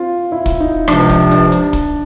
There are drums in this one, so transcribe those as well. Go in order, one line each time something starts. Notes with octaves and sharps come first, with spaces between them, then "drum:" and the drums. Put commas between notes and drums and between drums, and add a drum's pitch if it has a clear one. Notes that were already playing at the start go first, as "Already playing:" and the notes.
Already playing: C4 F4
E4
drum: kick, hi-hat
D#4
C#2 C3 F3 D4, drum: rim click
drum: kick, hi-hat
D4, drum: hi-hat
drum: hi-hat
drum: kick, hi-hat